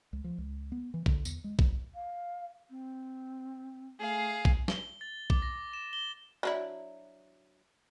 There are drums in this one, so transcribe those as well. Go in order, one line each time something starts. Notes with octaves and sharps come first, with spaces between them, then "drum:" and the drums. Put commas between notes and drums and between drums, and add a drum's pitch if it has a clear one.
C#2
F3
C#2
B3
E3
D3, drum: kick
E2, drum: tambourine
G#3
D#1, drum: kick
F5
C4
A3 G#4 F5
drum: kick
G7, drum: snare
A6
D6, drum: kick
A#6
E7
G7
F#3 D4 E4